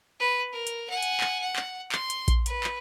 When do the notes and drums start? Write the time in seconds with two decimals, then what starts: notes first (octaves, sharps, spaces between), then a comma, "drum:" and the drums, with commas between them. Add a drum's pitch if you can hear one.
0.20 B4
0.52 A#4
0.67 drum: hi-hat
0.89 F#5 G#5
1.02 drum: hi-hat
1.20 drum: clap
1.41 F#5
1.56 drum: clap
1.92 C6, drum: clap
2.10 drum: hi-hat
2.28 drum: kick A#1, hi-hat
2.46 B4, drum: hi-hat
2.64 drum: clap